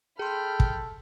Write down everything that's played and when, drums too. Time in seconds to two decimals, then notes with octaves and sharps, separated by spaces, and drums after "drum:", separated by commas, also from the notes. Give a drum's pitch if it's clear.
0.19 G#4 A4 G5 B5 C6 F6
0.60 drum: kick